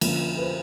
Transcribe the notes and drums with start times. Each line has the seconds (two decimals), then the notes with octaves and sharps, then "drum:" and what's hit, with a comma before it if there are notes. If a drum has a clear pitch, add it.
0.01 D3 F3 A#3 C#4, drum: cymbal
0.37 B4
0.42 C5